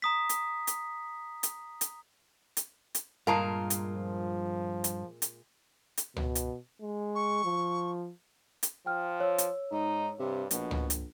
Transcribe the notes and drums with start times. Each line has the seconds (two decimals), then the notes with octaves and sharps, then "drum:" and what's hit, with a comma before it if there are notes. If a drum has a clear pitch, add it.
0.02 A#5 D#6 B6
0.29 drum: hi-hat
0.67 drum: hi-hat
1.43 drum: hi-hat
1.81 drum: hi-hat
2.57 drum: hi-hat
2.95 drum: hi-hat
3.27 G2 A#2 G#3 F4 A#4 F5 A5 A#5
3.70 drum: hi-hat
3.95 F3
4.84 drum: hi-hat
5.22 drum: hi-hat
5.98 drum: hi-hat
6.16 B2, drum: tom C#2
6.35 drum: hi-hat
6.82 G#3
7.15 C#6
7.45 F3
8.63 drum: hi-hat
8.86 F3 G5 F6
9.20 C#5 E6
9.38 drum: hi-hat
9.72 G#2 D#4
10.20 G2 C3
10.51 A#1 B2, drum: hi-hat
10.71 drum: tom C#2
10.90 drum: hi-hat